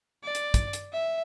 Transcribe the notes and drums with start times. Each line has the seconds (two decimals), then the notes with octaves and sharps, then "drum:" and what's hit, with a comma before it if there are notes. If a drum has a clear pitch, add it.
0.24 D5
0.35 drum: hi-hat
0.54 drum: kick, hi-hat
0.73 drum: hi-hat
0.93 E5